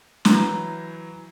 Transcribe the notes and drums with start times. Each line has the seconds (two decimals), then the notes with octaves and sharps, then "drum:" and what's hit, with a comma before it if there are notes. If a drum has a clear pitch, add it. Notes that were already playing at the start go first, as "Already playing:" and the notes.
0.25 E3 F#3 A#5 G6, drum: snare